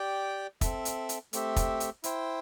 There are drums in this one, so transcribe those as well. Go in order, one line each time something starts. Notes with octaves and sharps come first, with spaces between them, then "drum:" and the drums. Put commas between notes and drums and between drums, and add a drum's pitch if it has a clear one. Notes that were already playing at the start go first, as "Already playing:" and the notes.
Already playing: G4 D5 G5
C4 A4 E5, drum: kick, hi-hat
drum: hi-hat
drum: hi-hat
A3 C4 G4 E5, drum: hi-hat
drum: kick, hi-hat
drum: hi-hat
E4 C5 G5, drum: hi-hat